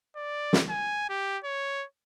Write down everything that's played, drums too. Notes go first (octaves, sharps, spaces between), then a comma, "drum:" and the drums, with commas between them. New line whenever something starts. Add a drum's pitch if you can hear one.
D5
drum: snare
G#5
G4
C#5